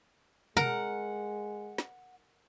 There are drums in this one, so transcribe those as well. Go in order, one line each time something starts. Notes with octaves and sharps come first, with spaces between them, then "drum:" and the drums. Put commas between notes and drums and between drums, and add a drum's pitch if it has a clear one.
G#3 A#4 F#5, drum: tom B2
drum: snare